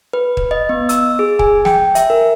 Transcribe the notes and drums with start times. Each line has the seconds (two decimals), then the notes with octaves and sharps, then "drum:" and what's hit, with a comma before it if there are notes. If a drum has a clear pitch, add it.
0.13 B4
0.37 drum: kick
0.51 D#5
0.69 B3
0.89 E6, drum: hi-hat
1.19 G#4
1.39 G#5, drum: kick
1.65 G5, drum: snare
1.95 E5, drum: hi-hat
2.10 A#4